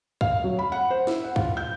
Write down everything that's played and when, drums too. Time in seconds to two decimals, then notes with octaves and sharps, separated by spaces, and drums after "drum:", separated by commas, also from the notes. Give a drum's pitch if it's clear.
0.21 F5, drum: kick
0.44 F#3
0.59 B5
0.72 F#5
0.91 C5
1.07 E4, drum: snare
1.24 F#5
1.36 F4, drum: kick
1.57 G6